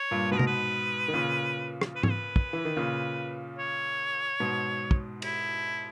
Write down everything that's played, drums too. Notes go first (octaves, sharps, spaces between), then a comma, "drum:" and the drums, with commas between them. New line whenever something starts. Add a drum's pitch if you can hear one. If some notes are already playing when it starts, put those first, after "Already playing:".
Already playing: C#5
G2 A#2
G#2 B2 B4
A#4, drum: tom C3
B4
D#3
A#2 C#3
drum: rim click
B4
C#5, drum: tom G#2
B4
drum: kick
E3
D#3
A#2 C#3
C#5
G#2 B2
drum: kick
E4, drum: cymbal